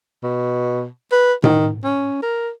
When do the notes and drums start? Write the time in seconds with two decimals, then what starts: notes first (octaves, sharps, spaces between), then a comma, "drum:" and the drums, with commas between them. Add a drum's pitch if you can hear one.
0.23 B2
1.12 B4
1.44 D#3, drum: tom A2
1.84 C#4
2.22 A#4